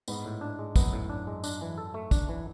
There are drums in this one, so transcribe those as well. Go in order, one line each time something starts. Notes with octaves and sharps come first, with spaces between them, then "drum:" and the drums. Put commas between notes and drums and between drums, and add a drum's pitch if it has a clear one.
G#2 B3, drum: tambourine
A2
D4
G#3
F#2 B3, drum: kick, tambourine
A2
D4
G#3
D4, drum: tambourine
E3
A4
A3
D4, drum: kick, tambourine
E3